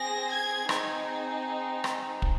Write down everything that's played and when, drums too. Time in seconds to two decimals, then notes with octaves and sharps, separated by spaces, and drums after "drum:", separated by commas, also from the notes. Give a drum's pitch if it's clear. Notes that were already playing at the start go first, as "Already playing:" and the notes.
Already playing: C4 G#4 A#6
0.30 G#6
0.69 C4 D#4 G#4, drum: rim click
1.84 drum: rim click
2.22 drum: kick